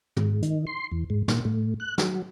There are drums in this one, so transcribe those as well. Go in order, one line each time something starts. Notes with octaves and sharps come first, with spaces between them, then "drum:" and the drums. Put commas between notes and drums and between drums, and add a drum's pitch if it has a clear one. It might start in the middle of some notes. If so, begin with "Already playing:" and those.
G#2, drum: tom
D#3, drum: hi-hat
C6
E2
G#2
A#2, drum: snare
A2
F#6
F#3, drum: snare